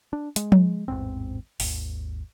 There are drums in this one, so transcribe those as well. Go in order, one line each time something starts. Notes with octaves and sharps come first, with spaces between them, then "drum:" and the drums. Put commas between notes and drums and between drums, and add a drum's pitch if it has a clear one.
D4
G#3, drum: hi-hat
drum: tom F3
A1 E2 G#2 C4
G#1 D#2, drum: open hi-hat